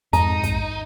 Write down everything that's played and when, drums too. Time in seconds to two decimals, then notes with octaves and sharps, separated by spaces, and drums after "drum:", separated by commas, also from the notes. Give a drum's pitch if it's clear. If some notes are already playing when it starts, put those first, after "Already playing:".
0.13 F2 G#2 D#4 A#5, drum: hi-hat
0.43 drum: kick, hi-hat